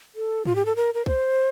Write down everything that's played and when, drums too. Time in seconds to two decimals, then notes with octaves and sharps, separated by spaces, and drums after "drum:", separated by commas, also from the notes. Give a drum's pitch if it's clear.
0.15 A4
0.45 F4, drum: tom G#2
0.55 G4
0.66 A4
0.76 A#4
0.94 A#4
1.06 C5, drum: kick